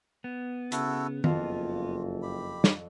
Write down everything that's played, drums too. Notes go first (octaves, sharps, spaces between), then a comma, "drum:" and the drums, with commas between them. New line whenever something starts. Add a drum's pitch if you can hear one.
B3
C#3 E4 F#4 A4, drum: hi-hat
F#1 F2 F4 F5, drum: tom D#3
G4 B5
drum: snare